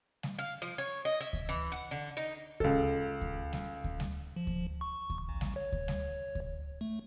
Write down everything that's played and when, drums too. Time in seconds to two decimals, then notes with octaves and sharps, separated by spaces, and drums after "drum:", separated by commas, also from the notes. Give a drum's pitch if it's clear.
0.23 drum: snare G3
0.39 F5
0.62 F3
0.78 C#5
1.05 D#5
1.21 E5
1.33 drum: kick D2
1.49 E3
1.72 F#5
1.91 D3
2.17 D#4
2.60 C#2 A4, drum: kick D2
3.21 drum: kick D2
3.53 drum: snare G3
3.84 drum: kick D2
4.00 drum: snare G3
4.36 F3
4.47 drum: kick D2
4.81 C#6
5.10 drum: kick D2
5.29 A1
5.41 drum: snare G3
5.56 C#5
5.72 drum: kick D2
5.88 drum: snare G3
6.35 drum: kick D2
6.81 A3